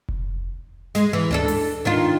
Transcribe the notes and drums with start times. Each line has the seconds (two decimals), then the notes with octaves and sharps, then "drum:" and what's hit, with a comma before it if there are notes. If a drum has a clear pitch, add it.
0.09 drum: kick F1
0.95 G#3, drum: snare
1.13 E3
1.31 C4 D4 A4, drum: tom D2
1.48 drum: open hi-hat
1.85 D#3 D4 F4